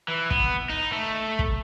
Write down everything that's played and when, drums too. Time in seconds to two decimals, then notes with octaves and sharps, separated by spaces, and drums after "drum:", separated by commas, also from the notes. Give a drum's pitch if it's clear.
0.08 E3
0.31 B3, drum: kick
0.69 D#4
0.92 A3
1.39 drum: kick